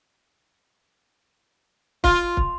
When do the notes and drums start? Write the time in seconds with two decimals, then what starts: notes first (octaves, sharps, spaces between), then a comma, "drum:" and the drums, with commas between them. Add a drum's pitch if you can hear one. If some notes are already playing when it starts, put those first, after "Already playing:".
2.04 F4, drum: kick
2.37 drum: kick